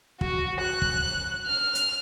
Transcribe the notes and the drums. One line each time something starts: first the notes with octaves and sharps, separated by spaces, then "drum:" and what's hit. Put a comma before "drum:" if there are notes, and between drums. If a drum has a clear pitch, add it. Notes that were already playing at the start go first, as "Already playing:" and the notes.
F#4, drum: kick
F#6
drum: kick
F6
drum: hi-hat